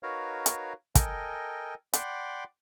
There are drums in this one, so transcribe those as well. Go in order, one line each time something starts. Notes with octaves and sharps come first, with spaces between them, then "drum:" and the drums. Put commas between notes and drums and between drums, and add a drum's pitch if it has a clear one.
D#4 F#4 A#4 B4 C#5 F5
drum: hi-hat
A4 A#4 D#5 G5 G#5, drum: kick, hi-hat
D5 F#5 G5 B5 C6 D6, drum: hi-hat